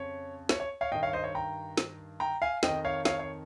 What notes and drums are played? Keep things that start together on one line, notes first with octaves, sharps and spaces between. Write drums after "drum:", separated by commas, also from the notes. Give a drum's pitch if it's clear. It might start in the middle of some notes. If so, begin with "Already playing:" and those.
Already playing: F2 C#3 C#5
C#5, drum: snare
C#5
C#5 F5
G2 D#3 D#5 G5
C#5 F5
C5 D#5
C#5
G5 A#5
drum: snare
G5 A#5
F5 G#5
F2 D#3 D#5 G5, drum: snare
C#5 F5
C#5 F5, drum: snare
C#5